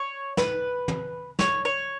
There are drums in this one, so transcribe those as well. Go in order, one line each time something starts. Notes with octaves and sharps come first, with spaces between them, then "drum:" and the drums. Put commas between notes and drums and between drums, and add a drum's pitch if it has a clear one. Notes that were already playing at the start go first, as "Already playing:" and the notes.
Already playing: C#5
B4, drum: snare
drum: tom
C#5, drum: snare
C#5